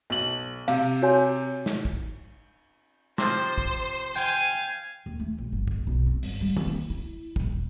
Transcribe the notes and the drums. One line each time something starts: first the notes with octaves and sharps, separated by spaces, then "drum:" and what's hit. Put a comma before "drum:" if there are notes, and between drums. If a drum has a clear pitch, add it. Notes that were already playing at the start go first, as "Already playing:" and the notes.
B1 F#7
C3 F5, drum: cymbal
F#4 C#5 G#5
drum: snare
drum: kick
C3 F3 C5, drum: snare
drum: kick
F5 G5 G#5
D#2
A3
A#1
G1
drum: kick
B1
C4
G1, drum: open hi-hat
G3
drum: tom D#3
A#3
E4
D#1, drum: kick